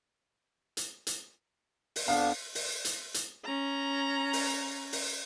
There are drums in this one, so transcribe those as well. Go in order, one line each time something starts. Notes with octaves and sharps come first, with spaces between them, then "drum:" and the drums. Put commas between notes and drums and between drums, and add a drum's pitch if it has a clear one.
drum: hi-hat
drum: hi-hat
drum: open hi-hat
F2 B3 D4 F5
drum: open hi-hat
drum: hi-hat
drum: hi-hat
C#4 A#5
drum: open hi-hat
drum: open hi-hat